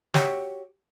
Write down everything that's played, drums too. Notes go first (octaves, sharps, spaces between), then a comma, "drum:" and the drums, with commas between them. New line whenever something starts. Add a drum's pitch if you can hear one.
F#4 G4 C#5 E5, drum: snare